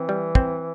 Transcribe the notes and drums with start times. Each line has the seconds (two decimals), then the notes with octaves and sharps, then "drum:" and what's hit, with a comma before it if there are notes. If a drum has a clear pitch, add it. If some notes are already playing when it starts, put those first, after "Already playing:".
Already playing: E3 C4
0.09 G3
0.35 C4, drum: kick